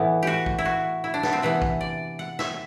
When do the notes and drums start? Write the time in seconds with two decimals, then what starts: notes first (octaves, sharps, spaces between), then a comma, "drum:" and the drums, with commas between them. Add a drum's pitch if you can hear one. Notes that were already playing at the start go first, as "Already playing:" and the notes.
Already playing: A2 E3 B3 E4
0.23 F#4 G4
0.46 drum: kick
0.58 E4
0.65 F#4
1.04 E4
1.14 D4
1.23 B3, drum: snare
1.33 C4
1.42 C3 E3 B3 B4
1.62 drum: kick
1.81 D5
2.19 F#5
2.39 E5, drum: snare